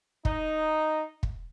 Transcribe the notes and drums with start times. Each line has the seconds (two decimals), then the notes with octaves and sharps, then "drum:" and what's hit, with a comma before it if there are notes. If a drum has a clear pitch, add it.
0.25 D#4, drum: kick
1.23 drum: kick